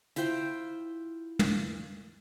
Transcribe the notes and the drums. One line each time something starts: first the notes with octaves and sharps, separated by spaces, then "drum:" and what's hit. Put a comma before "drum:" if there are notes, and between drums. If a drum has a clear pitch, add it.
E4 F4 C5 G5, drum: hi-hat
drum: tom